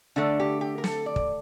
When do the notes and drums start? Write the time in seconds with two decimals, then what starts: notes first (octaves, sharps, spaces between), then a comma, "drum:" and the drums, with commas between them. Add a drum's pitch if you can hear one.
0.16 D3 A3 D4
0.40 G4
0.61 G4
0.78 A#4
0.84 A4, drum: snare
1.06 D5
1.16 drum: kick